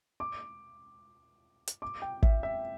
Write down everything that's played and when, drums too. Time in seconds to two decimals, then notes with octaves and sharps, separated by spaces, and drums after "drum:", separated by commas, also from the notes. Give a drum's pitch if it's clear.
0.20 D6
1.67 drum: hi-hat
1.82 D6
2.02 G5
2.23 E5, drum: kick
2.43 E5